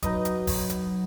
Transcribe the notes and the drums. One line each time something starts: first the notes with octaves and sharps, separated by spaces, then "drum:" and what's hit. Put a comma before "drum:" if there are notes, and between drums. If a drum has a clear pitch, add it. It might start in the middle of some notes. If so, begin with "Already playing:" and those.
F#3 D#4 B4 D#5, drum: kick E1, hi-hat
drum: hi-hat
drum: kick E1, open hi-hat
drum: hi-hat